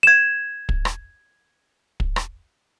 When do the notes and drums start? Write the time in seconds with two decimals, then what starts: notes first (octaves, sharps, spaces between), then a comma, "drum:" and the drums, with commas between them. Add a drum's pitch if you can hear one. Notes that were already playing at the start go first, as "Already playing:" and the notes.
0.03 G#6 E7
0.69 drum: kick
0.85 drum: rim click
2.00 drum: kick
2.16 drum: rim click